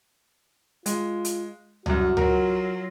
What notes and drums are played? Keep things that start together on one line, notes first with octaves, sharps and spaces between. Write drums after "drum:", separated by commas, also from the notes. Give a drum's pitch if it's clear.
G#3 F4, drum: hi-hat
drum: hi-hat
C2 F#2 F#4, drum: tom C#2
F#3 F4 A#4, drum: tom C#2